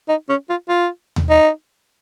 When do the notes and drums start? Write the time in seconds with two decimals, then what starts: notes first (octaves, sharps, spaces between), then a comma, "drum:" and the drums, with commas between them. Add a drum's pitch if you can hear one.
0.08 D#4
0.29 C#4
0.49 F4
0.69 F4
1.16 drum: tom D#2
1.30 D#4